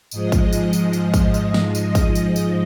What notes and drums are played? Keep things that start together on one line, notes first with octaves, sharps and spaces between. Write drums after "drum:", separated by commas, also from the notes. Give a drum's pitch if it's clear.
G#2 F3 G#3 D#5, drum: tambourine
drum: kick, tambourine
drum: tambourine
drum: tambourine
drum: tambourine
drum: kick, tambourine
drum: tambourine
drum: snare
drum: tambourine
drum: kick, tambourine
drum: tambourine
drum: tambourine